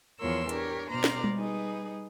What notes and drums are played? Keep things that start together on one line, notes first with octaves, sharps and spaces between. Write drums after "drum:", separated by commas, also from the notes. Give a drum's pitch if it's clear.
E2 F3 A#4 C#5 C6 E6
D4 G4 A#4 C#5, drum: hi-hat
B2 C5 D5 A#5 F6
drum: snare
drum: tom G3
G3 D#4 G#4 B4